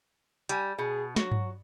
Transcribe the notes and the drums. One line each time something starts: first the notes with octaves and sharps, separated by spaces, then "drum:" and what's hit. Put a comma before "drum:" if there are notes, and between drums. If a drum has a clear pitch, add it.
G3 G#5, drum: hi-hat
B2 G#4
F#3 F#4, drum: snare
drum: tom G2